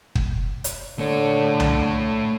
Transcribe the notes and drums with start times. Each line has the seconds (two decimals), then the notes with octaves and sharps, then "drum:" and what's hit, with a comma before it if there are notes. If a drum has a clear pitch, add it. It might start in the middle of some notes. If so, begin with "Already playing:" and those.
0.15 drum: kick
0.64 drum: hi-hat
0.99 D3 A3 C#5
1.60 drum: tom C2